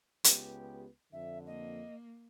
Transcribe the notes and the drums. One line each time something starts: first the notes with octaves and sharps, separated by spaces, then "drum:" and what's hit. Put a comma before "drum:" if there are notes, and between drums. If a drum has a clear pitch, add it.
C#2 B3 G4, drum: hi-hat
F2 D3 E5
A#3 D#5